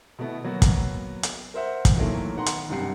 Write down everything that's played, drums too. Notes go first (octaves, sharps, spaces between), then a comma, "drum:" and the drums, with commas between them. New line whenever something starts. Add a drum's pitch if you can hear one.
B2 A3 B3 E4
F#3 A#3 B3 F#4
drum: kick, hi-hat
drum: hi-hat
A#4 C5 E5 F#5
drum: kick, hi-hat
A#2 D#3 E3 F#3 A3 A#3
D#3 B3 F#5 A#5 C6
drum: hi-hat
F#1 C2 G2 G4 F#5 C7